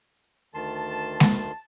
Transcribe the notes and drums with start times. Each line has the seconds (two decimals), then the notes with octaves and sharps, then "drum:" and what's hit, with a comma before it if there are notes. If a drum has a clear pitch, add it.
0.54 D2 D#3 A5 C6
1.20 drum: snare G#3